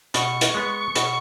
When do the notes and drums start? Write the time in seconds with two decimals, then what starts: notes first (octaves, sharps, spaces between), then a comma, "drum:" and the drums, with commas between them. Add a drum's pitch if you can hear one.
0.14 B2 C#6, drum: hi-hat
0.41 drum: hi-hat
0.54 G#3 B3
0.95 B2, drum: hi-hat